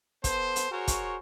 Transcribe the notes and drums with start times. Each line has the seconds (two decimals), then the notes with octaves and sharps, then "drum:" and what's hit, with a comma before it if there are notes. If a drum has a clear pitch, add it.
0.24 B3 A4 C5, drum: kick, hi-hat
0.56 drum: hi-hat
0.72 F#4 G#4 A#4 C5 C#5
0.88 drum: kick, hi-hat